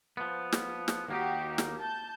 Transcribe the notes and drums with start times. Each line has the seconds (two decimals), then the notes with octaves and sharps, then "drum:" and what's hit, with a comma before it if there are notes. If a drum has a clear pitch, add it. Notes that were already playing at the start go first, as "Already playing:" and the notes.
0.17 F3 B3
0.52 drum: snare
0.88 drum: snare
1.08 D#2 A#3 D#4 F#4 G4
1.58 drum: snare
1.79 A5 G6